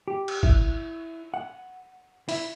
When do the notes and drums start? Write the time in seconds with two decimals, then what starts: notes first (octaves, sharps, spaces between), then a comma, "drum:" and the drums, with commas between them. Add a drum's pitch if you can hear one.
0.08 G4
0.28 drum: cymbal
0.43 E4, drum: kick
1.34 F#5
2.29 E4, drum: open hi-hat